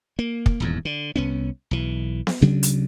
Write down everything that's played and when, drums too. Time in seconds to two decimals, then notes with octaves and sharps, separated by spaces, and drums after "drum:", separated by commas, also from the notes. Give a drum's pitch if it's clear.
0.19 A#3
0.46 drum: kick
0.60 D#1 E2 G#2
0.85 D3
1.16 C2 B3 C#4
1.71 B1 E3
2.27 drum: snare B3
2.41 D2 C3 F#3 D4
2.63 drum: hi-hat